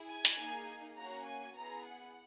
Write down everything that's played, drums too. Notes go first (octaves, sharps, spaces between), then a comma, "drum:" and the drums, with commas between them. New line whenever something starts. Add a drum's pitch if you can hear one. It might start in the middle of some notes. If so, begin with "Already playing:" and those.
Already playing: E4 G#4
G#5
drum: hi-hat
A#3 D#4 G#4
A#3 C#4 F#4 A#5
G#5
B3 E4 G#4 A#5
F#5